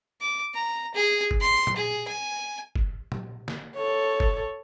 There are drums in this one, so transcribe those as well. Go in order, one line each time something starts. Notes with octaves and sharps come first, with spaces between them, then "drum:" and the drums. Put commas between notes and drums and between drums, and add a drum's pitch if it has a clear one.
D6
A#5
G#4
drum: kick F#1
C6
drum: tom A#2
G#4
G#5
drum: kick F#1
drum: tom A#2
drum: snare
A4 C#5
drum: kick F#1